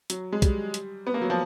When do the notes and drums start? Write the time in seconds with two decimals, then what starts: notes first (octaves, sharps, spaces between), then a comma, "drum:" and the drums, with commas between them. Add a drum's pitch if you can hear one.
0.10 F#3, drum: hi-hat
0.33 G#3
0.42 G3, drum: kick, hi-hat
0.74 drum: hi-hat
1.07 B3
1.14 A#3
1.22 F#3
1.30 F3